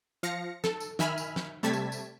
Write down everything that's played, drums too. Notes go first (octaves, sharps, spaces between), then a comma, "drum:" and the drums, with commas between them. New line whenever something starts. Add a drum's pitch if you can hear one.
F3 F5 A#6 C#7
A4, drum: snare
drum: tambourine
D#3 E5 G#5 B5 F6, drum: snare
drum: tambourine
drum: snare
C3 G3 A3 A5 G#6 B6
drum: tambourine
drum: tambourine